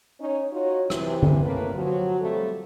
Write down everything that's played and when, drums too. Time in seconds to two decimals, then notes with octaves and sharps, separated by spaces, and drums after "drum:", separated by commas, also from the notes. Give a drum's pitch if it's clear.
0.20 C#4 D#4 C#5
0.51 D#4 F4 F#4 C#5
0.90 C3 E3, drum: rim click
1.23 drum: tom D3
1.43 A2 A#3 B4
1.75 C3 F3 F#3
2.20 F3 G3 A3 C4 A4